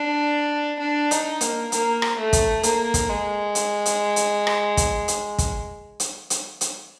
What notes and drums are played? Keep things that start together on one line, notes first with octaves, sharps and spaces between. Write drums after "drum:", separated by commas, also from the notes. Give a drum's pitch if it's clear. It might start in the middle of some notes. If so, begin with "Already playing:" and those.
Already playing: D4
D4
D#4, drum: hi-hat
A#3, drum: hi-hat
A#3, drum: hi-hat
drum: rim click
A3
drum: kick, hi-hat
A#3, drum: hi-hat
drum: kick, hi-hat
G#3
drum: hi-hat
drum: hi-hat
drum: hi-hat
drum: rim click
drum: kick, hi-hat
drum: hi-hat
drum: kick, hi-hat
drum: hi-hat
drum: hi-hat
drum: hi-hat